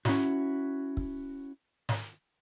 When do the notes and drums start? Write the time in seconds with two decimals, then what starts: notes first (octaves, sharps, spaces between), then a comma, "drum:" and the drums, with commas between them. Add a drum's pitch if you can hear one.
0.05 C#4 E4 F#4, drum: snare
0.97 drum: kick
1.89 drum: snare